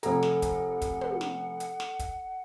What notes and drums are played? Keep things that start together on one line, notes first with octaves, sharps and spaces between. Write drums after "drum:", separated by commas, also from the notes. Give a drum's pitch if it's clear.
F1 A4 F#5 A#5, drum: hi-hat
drum: snare
drum: kick, hi-hat
drum: kick, hi-hat
drum: tom
drum: snare
drum: hi-hat
drum: snare
drum: kick, hi-hat